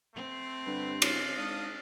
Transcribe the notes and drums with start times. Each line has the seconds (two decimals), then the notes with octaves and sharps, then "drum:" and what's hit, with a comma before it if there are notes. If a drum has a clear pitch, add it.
0.15 A3 C4 C6
0.66 G2 D3 G3 B4
1.02 C#3, drum: cymbal
1.37 G#2 D4 F5 D#6